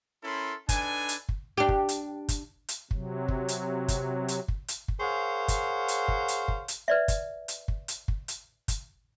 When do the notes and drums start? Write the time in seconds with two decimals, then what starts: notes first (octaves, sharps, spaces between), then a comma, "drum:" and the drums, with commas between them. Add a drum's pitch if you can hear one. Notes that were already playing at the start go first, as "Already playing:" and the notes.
0.24 C#4 E4 A4 A#4 B5 C6
0.69 D4 D#4 A4 B4 G#5, drum: kick, hi-hat
1.09 drum: hi-hat
1.29 drum: kick
1.57 D4 G4
1.69 drum: kick
1.89 drum: hi-hat
2.29 drum: kick, hi-hat
2.69 drum: hi-hat
2.91 C3 F#3, drum: kick
3.28 drum: kick
3.48 drum: hi-hat
3.88 drum: kick, hi-hat
4.28 drum: hi-hat
4.48 drum: kick
4.68 drum: hi-hat
4.88 drum: kick
5.01 G#4 A#4 C5 C#5 F5 F#5
5.48 drum: kick, hi-hat
5.88 drum: hi-hat
6.08 drum: kick
6.28 drum: hi-hat
6.48 drum: kick
6.68 drum: hi-hat
6.88 B4 D5 E5
7.08 drum: kick, hi-hat
7.48 drum: hi-hat
7.68 drum: kick
7.88 drum: hi-hat
8.08 drum: kick
8.28 drum: hi-hat
8.68 drum: kick, hi-hat